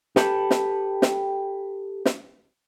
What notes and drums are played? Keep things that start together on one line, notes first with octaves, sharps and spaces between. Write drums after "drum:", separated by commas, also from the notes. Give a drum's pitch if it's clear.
G4 A4 B4, drum: snare
drum: snare
drum: snare
drum: snare